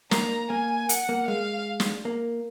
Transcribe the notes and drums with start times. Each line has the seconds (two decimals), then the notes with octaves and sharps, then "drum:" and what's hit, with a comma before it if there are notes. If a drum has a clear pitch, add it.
0.11 A#3 A#5, drum: snare
0.50 A#3 G#5
0.89 F#5, drum: hi-hat
1.09 A#3
1.28 G#3 F5
1.80 drum: snare
2.05 A#3